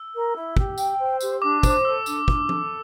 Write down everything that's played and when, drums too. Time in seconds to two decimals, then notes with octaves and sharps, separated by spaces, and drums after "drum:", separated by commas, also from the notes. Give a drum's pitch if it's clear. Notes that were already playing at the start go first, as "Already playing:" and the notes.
Already playing: E6
0.14 A#4
0.35 E4
0.57 G4, drum: kick
0.78 G5, drum: tambourine
0.99 C5
1.21 G4, drum: tambourine
1.42 D4 D6
1.63 C5, drum: kick, tambourine
1.70 D6
1.85 A4 E6
2.06 D4, drum: tambourine
2.28 D4, drum: kick
2.49 A4, drum: tom